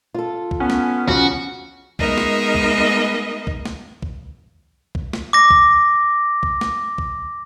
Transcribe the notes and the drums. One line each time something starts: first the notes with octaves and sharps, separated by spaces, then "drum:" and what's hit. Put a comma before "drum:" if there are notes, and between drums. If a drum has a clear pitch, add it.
F4 A4
drum: kick B1
B3 C#4
drum: snare
C#3 F3 F#4, drum: kick B1
G#3 B3 D#4 A#4 D#5 E5, drum: kick B1
drum: snare
drum: kick B1
drum: kick B1
drum: snare
drum: kick B1
drum: kick B1
drum: snare
D6 A#6
drum: kick B1
drum: kick B1
drum: snare
drum: kick B1